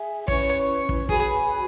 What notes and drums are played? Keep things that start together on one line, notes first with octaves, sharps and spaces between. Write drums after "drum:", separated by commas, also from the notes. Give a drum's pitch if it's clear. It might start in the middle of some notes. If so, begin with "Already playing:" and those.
Already playing: G#4 E5 G#5
C#4 E4 B4 C#5, drum: kick
drum: kick
F#4 G#4 B4 G#5 B5, drum: kick